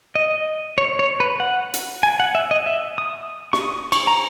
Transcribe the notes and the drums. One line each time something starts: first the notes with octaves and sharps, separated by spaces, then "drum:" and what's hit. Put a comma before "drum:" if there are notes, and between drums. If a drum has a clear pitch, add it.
D#5
C#5
C#5
B4
F#5
drum: hi-hat
G#5
F#5
E5
D#5
E5
D#6
C#6, drum: snare
D#6
C#6, drum: cymbal
A#5